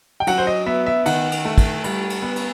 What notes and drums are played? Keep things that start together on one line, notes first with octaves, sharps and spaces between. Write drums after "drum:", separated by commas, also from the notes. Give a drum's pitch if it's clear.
G5
F#3 F#5, drum: cymbal
C5
D#5
B3 E5
E5
D#3 F#5, drum: cymbal
drum: cymbal
A3
drum: kick, cymbal
G3, drum: cymbal
drum: cymbal
B3
drum: cymbal